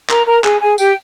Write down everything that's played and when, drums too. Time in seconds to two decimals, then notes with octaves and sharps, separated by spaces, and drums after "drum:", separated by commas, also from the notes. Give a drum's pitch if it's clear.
0.09 A#4 A#5, drum: clap
0.27 A#4 A#5
0.44 G#4 G#5, drum: clap
0.61 G#4 G#5
0.78 G4 G5, drum: tambourine